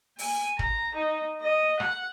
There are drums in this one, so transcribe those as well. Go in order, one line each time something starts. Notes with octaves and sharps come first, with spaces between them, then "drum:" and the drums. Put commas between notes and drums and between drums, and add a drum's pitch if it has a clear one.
G#5, drum: open hi-hat
A#5, drum: kick
D#4
D#5
F#5, drum: rim click